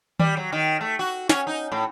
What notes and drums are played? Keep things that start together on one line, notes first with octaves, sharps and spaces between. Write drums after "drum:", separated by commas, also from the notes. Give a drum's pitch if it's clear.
G3, drum: tom D#3
F#3
D#3
A3
F#4
C#4, drum: snare
D#4
A2